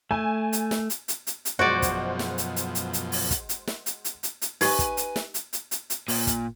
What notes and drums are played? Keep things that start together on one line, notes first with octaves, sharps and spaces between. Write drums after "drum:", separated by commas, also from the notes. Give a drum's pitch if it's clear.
A3 G#5
drum: hi-hat
drum: snare
drum: hi-hat
drum: hi-hat
drum: hi-hat
drum: hi-hat
F#2 B2 F3 G#3 F#4 C5 D5 F#5
drum: kick, hi-hat
drum: snare
drum: hi-hat
drum: hi-hat
drum: hi-hat
drum: hi-hat
drum: open hi-hat
drum: kick, hi-hat
drum: hi-hat
drum: snare
drum: hi-hat
drum: hi-hat
drum: hi-hat
drum: hi-hat
D#4 G4 B4 D#5 G#5 C#6, drum: open hi-hat
drum: kick, hi-hat
drum: hi-hat
drum: snare
drum: hi-hat
drum: hi-hat
drum: hi-hat
drum: hi-hat
A#2, drum: open hi-hat
drum: kick, hi-hat